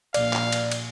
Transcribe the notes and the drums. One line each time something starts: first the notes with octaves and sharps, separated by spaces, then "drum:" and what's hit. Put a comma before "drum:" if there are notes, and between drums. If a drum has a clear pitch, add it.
A#1 D5 F5, drum: cymbal
drum: clap
drum: cymbal
drum: cymbal